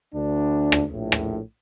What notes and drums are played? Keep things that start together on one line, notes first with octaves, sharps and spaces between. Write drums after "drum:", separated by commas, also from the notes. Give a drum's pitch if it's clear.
D2 D4
drum: rim click
A#1 A2
drum: rim click